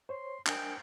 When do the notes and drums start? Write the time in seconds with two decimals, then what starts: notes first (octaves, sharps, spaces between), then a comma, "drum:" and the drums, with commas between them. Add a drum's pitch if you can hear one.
0.09 C5 C#5 C6
0.46 D4 A#4 C5 G5 G#5 D#6, drum: clap